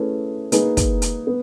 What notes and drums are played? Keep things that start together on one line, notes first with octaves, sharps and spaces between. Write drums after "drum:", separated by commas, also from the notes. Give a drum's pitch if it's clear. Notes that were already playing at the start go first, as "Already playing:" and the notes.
Already playing: A3 C#4 E4 G#4 B4
A#3 D#4 G#4 B4, drum: hi-hat
drum: kick, hi-hat
drum: hi-hat
B3